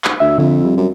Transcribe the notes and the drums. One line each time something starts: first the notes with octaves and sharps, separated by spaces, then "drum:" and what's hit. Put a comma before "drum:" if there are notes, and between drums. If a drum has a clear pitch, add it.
drum: clap
D2 E5
F2 D3
G3
F#2